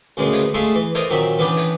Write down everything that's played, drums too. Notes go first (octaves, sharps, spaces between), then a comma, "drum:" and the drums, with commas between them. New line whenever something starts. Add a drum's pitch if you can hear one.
D2 C#3 G#3 A#3 B3
drum: hi-hat
G#3 A3 F4 G#4 A4 E5
E3
A4 A#4 C5 D5 D#5, drum: hi-hat
A#2 D#3 F#3 C4 E5
E3 B3 C#4 D4 G4 B4
drum: hi-hat